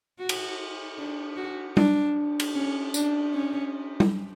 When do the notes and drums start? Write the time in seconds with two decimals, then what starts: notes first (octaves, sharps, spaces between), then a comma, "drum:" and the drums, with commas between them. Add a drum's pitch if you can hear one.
0.19 F#4
0.29 drum: cymbal
0.98 D4
1.37 F#4
1.77 D4, drum: tom G3
2.40 drum: cymbal
2.55 C#4
2.94 D4, drum: tambourine
3.34 C#4
4.00 drum: tom G3